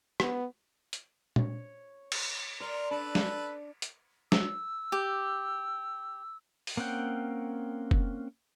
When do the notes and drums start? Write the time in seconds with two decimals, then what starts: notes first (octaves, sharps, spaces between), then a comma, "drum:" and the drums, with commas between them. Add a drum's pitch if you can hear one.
0.20 B3, drum: rim click
0.93 drum: hi-hat
1.36 C#5, drum: tom A#2
2.12 drum: cymbal
2.60 A#4 D5 A#5 C6
2.91 D4 A4 B4 B5
3.15 drum: snare
3.82 drum: hi-hat
4.32 E6, drum: snare
4.92 G4
6.67 drum: open hi-hat
6.77 A#3 C4 C#4 F#5 G5
7.91 drum: kick F1